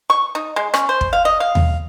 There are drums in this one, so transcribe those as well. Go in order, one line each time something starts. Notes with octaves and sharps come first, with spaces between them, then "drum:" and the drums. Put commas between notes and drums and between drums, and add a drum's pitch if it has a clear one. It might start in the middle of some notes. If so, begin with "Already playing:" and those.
C#6
D#4
G#3
C#4, drum: rim click
C5
drum: kick
F5
D#5
F5
drum: tom D#2